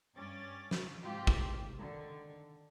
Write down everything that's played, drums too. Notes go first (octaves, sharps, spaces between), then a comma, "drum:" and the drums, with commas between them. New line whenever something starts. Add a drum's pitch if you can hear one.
G2 C#4 D6 A6
drum: snare
G#2 C4 F4 G4
drum: kick
D3 D#3